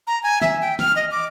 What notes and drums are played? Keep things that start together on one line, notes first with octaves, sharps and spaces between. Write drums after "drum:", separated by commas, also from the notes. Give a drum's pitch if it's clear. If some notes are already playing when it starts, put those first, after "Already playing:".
A#5
G#5
E5, drum: snare
G5
F6, drum: snare
D#5
D6